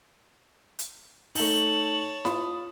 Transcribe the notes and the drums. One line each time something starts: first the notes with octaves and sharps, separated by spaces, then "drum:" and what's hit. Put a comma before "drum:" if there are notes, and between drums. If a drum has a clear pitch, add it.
drum: hi-hat
A3 D#4 C#5 A5 F#7, drum: open hi-hat
F4 B5 D#6, drum: snare E4